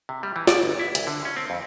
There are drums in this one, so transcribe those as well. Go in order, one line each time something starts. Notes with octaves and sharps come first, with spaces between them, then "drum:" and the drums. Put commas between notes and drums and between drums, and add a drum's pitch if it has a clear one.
C3
G3
E3
D5, drum: snare
G1
E4
C2, drum: hi-hat
D3
C#4
C4
F2